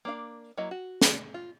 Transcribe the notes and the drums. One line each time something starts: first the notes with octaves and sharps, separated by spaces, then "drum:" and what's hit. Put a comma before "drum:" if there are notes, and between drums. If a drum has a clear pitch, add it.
A#3 D4 F5
F#3 A#3 E4 D#5
F#4
drum: snare
F4